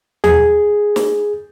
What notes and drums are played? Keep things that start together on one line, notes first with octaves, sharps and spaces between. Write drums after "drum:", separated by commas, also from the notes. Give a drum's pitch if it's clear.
G#4, drum: tom D#2
drum: snare